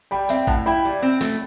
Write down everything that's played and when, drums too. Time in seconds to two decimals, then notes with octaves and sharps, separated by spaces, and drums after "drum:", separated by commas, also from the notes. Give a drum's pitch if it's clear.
0.11 G3 G5 B5
0.29 C4 E5 G5, drum: tambourine
0.47 A2 F#5 A5, drum: kick
0.66 E4 G5 B5
0.85 G3
1.02 C4
1.21 A3, drum: snare